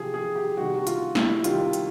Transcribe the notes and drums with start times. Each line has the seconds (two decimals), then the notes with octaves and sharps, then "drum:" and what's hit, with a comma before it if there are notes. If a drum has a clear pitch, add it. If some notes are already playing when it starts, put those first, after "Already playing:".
Already playing: C3 F3 G4 G#4
0.14 G#4
0.36 G4
0.57 C3 D#3 G3 F#4
0.75 F#4
0.87 F4, drum: hi-hat
1.15 E4, drum: snare
1.44 C3 D#3 G3 F4, drum: hi-hat
1.73 drum: hi-hat